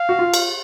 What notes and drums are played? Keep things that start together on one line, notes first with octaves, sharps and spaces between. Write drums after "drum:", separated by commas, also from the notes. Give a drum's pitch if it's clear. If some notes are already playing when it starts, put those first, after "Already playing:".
Already playing: F5
F#4
F4
drum: cymbal